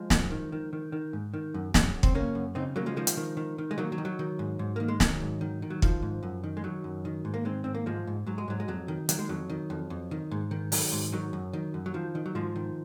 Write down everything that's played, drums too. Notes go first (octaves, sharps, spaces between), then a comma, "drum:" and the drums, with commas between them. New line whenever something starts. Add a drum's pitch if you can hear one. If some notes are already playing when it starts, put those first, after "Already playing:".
Already playing: F3 G#3
F#2, drum: snare
D#3
D#3
D#3
D#3
G#2
D#3
F#2
F#2, drum: snare
F#2
C4, drum: kick
C#3 A#3 C#4
F#2
C#3 C4 D#4
C#3 F#3 A#3
F3 G#3
D#3 F3 G#3
drum: hi-hat
D#3
D#3
D#3
G#3
D#3 F#3 A#3
F#3
D#3
F#3
D#3
G#2
G#2
D#3 A#3
G#3
D#3 F#3, drum: snare
G#2
D#3
D#3
F#3
D#3 F3, drum: kick
G#2
F#2
D#3
G#3
D#3 F#3
F#2
D#3
G#2
A#3
D#3 G#3 C4
G#2 C4
A#3
G#2 F3 G#3
G#2
G#2 F#3
G#3
G#2 F#3
G#3
F2 F#3
D#3
D#3 F#3, drum: hi-hat
G#3
F2 F#3
D#3
F2
F2
D#3
G#2
D#3
D#3 F#3, drum: open hi-hat
G#2
D#3 F#3
F#2
D#3
F#2
F#3
D#3 F3
D#3
F#3
G#2 F3 G#3
D#3